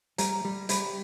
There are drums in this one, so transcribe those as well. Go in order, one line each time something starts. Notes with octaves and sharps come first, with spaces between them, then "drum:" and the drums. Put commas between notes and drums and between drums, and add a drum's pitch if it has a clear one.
G3 A#5, drum: hi-hat
G3
G3 B5, drum: hi-hat